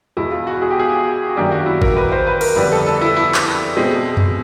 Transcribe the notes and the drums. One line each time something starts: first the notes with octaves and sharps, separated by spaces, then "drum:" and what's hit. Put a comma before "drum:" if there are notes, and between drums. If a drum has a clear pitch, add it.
E2 B2 G#3 E4
F4
F#4
G#4
G4
G#4
F#4
F#2 D#3 F#3 A#3 D4 G4
F#4
E4
A#4, drum: kick G#1
B4
C5
B4
A#4, drum: cymbal
F2 D3 G3 B4
A4
A4
E4
E4
drum: clap
B2 G#3 C4
drum: tom F2